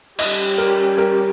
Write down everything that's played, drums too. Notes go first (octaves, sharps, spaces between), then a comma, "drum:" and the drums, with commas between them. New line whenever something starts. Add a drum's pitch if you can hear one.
G3 C#4 G4 D#5, drum: cymbal
A#4
A#4